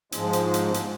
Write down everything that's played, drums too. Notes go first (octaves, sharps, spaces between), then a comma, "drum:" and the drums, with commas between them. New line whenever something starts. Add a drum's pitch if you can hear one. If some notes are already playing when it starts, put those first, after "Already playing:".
G#2 F3 G#3, drum: hi-hat
drum: hi-hat
drum: hi-hat
drum: hi-hat